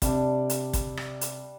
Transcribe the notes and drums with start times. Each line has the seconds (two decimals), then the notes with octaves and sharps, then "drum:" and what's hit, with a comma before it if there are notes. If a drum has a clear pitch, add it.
0.02 C3 G3 D4, drum: kick, hi-hat
0.50 drum: hi-hat
0.73 drum: kick, hi-hat
0.97 drum: rim click
1.21 drum: hi-hat